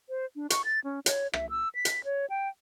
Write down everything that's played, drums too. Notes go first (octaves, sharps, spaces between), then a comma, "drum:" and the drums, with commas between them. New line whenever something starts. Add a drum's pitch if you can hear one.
C5
D4
C#6, drum: hi-hat
A6
C#4
C#5, drum: hi-hat
E5, drum: rim click
E6
B6
drum: hi-hat
C#5
G5